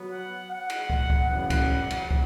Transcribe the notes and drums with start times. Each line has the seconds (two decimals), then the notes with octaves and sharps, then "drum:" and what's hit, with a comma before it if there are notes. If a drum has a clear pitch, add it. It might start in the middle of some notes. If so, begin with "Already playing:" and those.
Already playing: F#3 B3
0.09 F#5
0.50 F#5
0.70 drum: cymbal
0.90 drum: kick
1.10 drum: kick
1.30 F#2 C#3 E3 G3 B3 F#5
1.50 drum: kick, cymbal
1.90 drum: cymbal
2.11 drum: kick